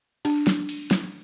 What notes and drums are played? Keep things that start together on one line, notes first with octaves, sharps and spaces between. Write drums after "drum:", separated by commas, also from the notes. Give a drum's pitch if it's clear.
D4, drum: cymbal
drum: snare
drum: cymbal
drum: snare